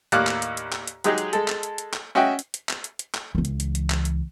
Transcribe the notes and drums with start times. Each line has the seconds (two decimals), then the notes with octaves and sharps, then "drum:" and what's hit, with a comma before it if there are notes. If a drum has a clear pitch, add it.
0.12 D#2 A2 A#3 D5 F6 F#6, drum: hi-hat
0.27 drum: clap
0.42 drum: hi-hat
0.57 drum: hi-hat
0.72 drum: clap
0.87 drum: hi-hat
1.04 F#3 G#3 D#4 G4 G#4, drum: hi-hat
1.18 drum: hi-hat
1.33 G#3 A4, drum: hi-hat
1.48 drum: clap
1.63 drum: hi-hat
1.78 drum: hi-hat
1.93 drum: clap
2.15 C#4 F#4 D#5 E5 G5
2.39 drum: hi-hat
2.54 drum: hi-hat
2.69 drum: clap
2.84 drum: hi-hat
2.99 drum: hi-hat
3.14 drum: clap
3.35 C#2 E3
3.45 drum: hi-hat
3.60 drum: hi-hat
3.75 drum: hi-hat
3.90 drum: clap
4.05 drum: hi-hat